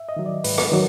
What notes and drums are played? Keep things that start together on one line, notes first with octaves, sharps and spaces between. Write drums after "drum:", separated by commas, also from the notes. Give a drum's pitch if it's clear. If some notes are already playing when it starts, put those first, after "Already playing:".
Already playing: E5
D#5
D#3 F#3
D5
G#2 B4, drum: open hi-hat
drum: rim click
D#3 F#3